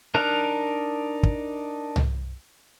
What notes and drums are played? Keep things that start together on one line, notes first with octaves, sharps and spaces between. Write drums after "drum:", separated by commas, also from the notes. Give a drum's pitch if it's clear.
D4 D#4 A#4 A#5 F#6
drum: kick
drum: tom C2